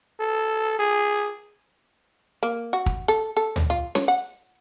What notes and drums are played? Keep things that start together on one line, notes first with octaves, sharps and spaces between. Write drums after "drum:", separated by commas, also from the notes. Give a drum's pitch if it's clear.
A4
G#4
A#3
F#4
drum: kick
A4
A4
drum: tom
F4
C#5, drum: snare C#4
F#5